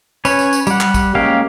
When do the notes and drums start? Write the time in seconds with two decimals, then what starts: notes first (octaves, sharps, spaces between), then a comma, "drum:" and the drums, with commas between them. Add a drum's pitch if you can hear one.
0.25 C#4 B4 C#5, drum: tambourine
0.39 drum: tambourine
0.53 drum: tambourine
0.67 G3 F#5, drum: tambourine
0.80 drum: clap
0.94 drum: kick, tambourine
1.15 G#3 A#3 C#4 G4 F5